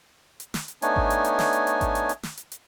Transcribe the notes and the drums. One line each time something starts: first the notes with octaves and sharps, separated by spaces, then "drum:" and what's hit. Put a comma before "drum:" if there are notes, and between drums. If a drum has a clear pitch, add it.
drum: hi-hat
drum: snare
drum: hi-hat
A3 B3 D4 D#4 C#5 G#5, drum: hi-hat
drum: kick G#1
drum: hi-hat
drum: hi-hat
drum: snare
drum: hi-hat
drum: hi-hat
drum: kick G#1, hi-hat
drum: hi-hat
drum: hi-hat
drum: snare
drum: hi-hat
drum: hi-hat